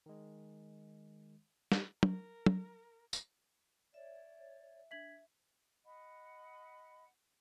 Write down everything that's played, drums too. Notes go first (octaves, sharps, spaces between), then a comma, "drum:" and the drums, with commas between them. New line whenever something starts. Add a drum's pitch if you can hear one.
D#3 G#3
drum: snare
A#4, drum: tom
drum: tom
drum: tambourine
C#5 D5 E5
D4 E5 G#6 B6 F#7
D#5 F#5 B5